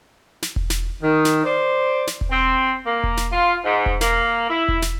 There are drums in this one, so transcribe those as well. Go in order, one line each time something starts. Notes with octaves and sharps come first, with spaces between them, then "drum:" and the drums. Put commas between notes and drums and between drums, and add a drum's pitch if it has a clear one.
drum: snare
drum: kick E1
drum: snare
D#3
drum: snare
C5 D5
drum: snare
drum: kick E1
C4
A#3
drum: kick E1
drum: snare
F4
G#2
drum: kick E1
A#3, drum: snare
E4
drum: kick E1
drum: snare